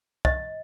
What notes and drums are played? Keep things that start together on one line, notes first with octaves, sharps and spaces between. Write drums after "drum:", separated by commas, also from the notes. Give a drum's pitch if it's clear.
D#5, drum: kick